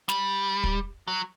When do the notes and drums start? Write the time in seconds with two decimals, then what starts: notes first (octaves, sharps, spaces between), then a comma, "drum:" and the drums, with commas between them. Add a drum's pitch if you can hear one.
0.09 G3, drum: snare
0.64 drum: kick
1.08 F#3